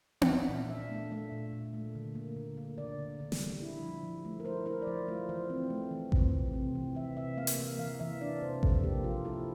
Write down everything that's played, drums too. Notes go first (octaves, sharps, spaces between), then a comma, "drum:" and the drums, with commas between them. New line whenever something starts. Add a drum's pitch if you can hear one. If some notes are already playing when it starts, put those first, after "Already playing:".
F5, drum: tom B3
D4 E5
A#2
D4 E5
A3
A3 E5
A#2
A#2
A3
D3
A#3
D3
A#3
D3 D5
D3
D3
drum: snare
G3
E4
F3
F3
A3
A#4
E4 C5
E4 A#4
D5
F3 C5
A3 F4
E3 C5
C4
A3
E3
C4, drum: kick A1
C3
C4
E3
E3 E5
C3 E5
A#3 F5
drum: hi-hat
A#3 E5
E3 F5
E3 E5
D4 D5
C3 C5
F3 A4, drum: kick A1
A#3 G4
F3 F4
E4 A4